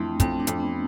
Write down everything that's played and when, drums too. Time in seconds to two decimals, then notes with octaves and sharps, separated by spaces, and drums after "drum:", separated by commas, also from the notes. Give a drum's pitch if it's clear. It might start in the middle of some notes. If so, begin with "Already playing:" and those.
Already playing: F2 E3 A3 C4 D4
0.20 F2 C4, drum: kick, hi-hat
0.40 D4
0.47 F2, drum: hi-hat
0.60 B3